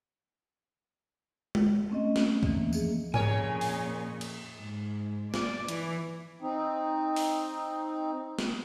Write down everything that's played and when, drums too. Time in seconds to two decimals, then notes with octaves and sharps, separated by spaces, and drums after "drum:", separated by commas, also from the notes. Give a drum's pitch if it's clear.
1.55 drum: tom G#3
1.90 A3 C4 C#4 D#5
2.16 drum: snare
2.43 E3 A#3, drum: kick
2.73 F3 A#3 G#4, drum: tambourine
3.14 F2 A#2 C#3 A#4 C#5 G#5, drum: tom G#2
3.61 drum: open hi-hat
4.21 drum: cymbal
4.59 G#2
5.34 D5, drum: snare
5.68 E3, drum: hi-hat
6.42 C4 D#4
7.16 drum: open hi-hat
8.39 drum: snare